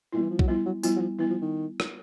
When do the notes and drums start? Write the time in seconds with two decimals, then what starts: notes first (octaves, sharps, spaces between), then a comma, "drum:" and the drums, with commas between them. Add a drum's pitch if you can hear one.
0.13 A#2 G3 B3 E4
0.22 E3
0.31 F3
0.39 F#3, drum: kick B1
0.48 F3 G3 B3 E4
0.66 F#3
0.83 F3 G3 B3 E4, drum: tambourine
0.96 F#3
1.01 F3
1.19 E3 G3 B3 E4
1.30 F3
1.41 D#3
1.80 drum: rim click